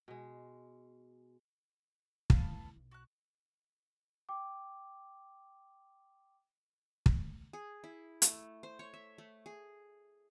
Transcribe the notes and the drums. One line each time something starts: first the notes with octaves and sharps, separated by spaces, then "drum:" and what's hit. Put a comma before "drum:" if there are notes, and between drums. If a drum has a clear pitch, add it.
B2 G#3
B3 A4 F5, drum: kick
F2 E4
B1
F#4 F#6
G5 D6
drum: kick
G#4
E4
A3, drum: hi-hat
C5
C#5
E5
A3
G#4